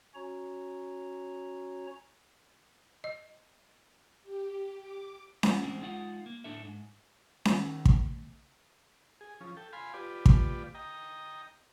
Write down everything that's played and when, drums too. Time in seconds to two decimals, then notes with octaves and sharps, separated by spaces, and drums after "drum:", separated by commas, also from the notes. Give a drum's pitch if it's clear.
0.14 C#4 F#4 C#5 A#5
3.04 D#5
4.22 G4
4.77 D6
5.43 A3 A#3 F4 F#5, drum: snare C#4
5.63 E3 F3 G#3 C4 D4
5.81 G#3 D#4 F4 F#5
6.26 A#3
6.44 A2 D4 A4 E5
6.64 G#2
7.45 D#3, drum: snare C#4
7.85 drum: kick
9.21 G#4
9.41 F3 C#4
9.57 A4 G5
9.73 F5 G#5 B5 C6
9.94 F4 G4 B4 D5
10.26 drum: kick
10.75 D#5 G5 A#5